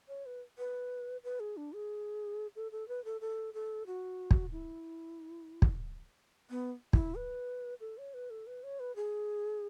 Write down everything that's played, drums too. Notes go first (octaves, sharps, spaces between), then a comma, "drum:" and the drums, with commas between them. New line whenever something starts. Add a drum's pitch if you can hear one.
C#5
B4
B4
B4
G#4
D4
G#4
A4
A4
B4
A4
A4
A4
F#4
drum: kick
E4
drum: kick
B3
E4, drum: kick
B4
A4
C#5
B4
A4
B4
C#5
B4
G#4